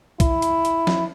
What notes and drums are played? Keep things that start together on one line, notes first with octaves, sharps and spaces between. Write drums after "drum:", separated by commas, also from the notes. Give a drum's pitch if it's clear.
E4, drum: kick B1, hi-hat
drum: hi-hat
drum: hi-hat
drum: snare